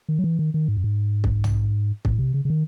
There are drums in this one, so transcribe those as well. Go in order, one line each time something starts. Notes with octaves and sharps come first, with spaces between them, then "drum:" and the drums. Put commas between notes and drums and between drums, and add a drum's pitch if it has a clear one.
D#3
F#3
E3
D#3
D#3
G#2
F#2
G#2
drum: kick
drum: tom
A2, drum: kick
C3
C#3
C#3
D#3